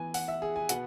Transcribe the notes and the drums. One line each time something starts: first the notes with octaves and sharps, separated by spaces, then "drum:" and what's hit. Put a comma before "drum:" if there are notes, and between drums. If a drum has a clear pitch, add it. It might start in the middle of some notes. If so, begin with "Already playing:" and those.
Already playing: E3 B3 G#5
F#5, drum: open hi-hat
E5
G#4
G#5
B2 B3 F#5, drum: hi-hat